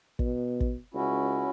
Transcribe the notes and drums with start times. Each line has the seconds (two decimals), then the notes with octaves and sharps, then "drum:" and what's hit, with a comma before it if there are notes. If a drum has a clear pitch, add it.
0.19 B2, drum: kick
0.60 drum: kick
0.94 C#2 C#4 E4 F#4